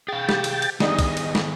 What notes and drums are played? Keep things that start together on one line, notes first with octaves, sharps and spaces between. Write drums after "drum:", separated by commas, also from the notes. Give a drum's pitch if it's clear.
G#4 F5 G5 A6
G4, drum: snare
drum: cymbal
drum: cymbal
D#3 G3 B3 D4 D#4 G#4 D#5, drum: snare
drum: kick, cymbal
drum: cymbal
drum: snare